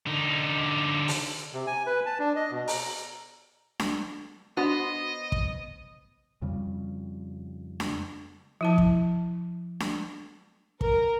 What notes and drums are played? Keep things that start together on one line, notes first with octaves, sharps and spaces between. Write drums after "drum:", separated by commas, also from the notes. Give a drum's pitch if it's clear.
D3 D#4
drum: open hi-hat
C3
G#5
B4
A5
D4
D#5
B2
A#5, drum: open hi-hat
drum: snare D4
B3 D4 F#4 C5 D#5
drum: kick
F2 C#3 G3
drum: snare D4
F3 E4 A5
drum: kick
drum: snare D4
A#4, drum: kick